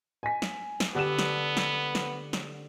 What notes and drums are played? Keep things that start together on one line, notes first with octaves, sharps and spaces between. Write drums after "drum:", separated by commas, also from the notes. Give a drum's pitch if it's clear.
G#5 B6
drum: snare
drum: snare
D3 B3 G4 F#5 E6 E7
drum: snare
drum: snare
drum: snare
drum: snare